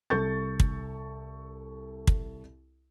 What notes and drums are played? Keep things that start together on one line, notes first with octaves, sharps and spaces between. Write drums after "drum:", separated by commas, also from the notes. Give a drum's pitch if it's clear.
C2 A4 C#6 G6 A6
drum: kick
drum: kick